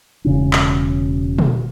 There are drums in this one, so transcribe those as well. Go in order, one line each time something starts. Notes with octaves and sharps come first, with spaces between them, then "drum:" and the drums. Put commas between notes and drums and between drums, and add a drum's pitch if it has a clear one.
E1 C#3 C#4
drum: clap
drum: tom